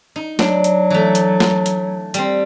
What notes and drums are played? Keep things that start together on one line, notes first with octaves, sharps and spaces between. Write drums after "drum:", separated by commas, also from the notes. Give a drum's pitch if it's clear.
D#4
F#3 D4, drum: snare
drum: hi-hat
E3 A3
drum: hi-hat
drum: snare
drum: hi-hat
G3 C4, drum: hi-hat